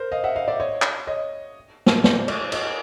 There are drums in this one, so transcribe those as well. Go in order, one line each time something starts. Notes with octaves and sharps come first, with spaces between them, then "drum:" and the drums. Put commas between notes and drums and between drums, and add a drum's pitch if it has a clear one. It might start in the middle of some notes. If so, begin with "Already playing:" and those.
Already playing: A#4 C5
D#5 F5
E5 F#5
D#5 F5
D5 E5
C#5 D#5
drum: clap
C#5 D#5
drum: snare
C5 D5, drum: snare
C5 D5, drum: cymbal
C#5 D#5, drum: cymbal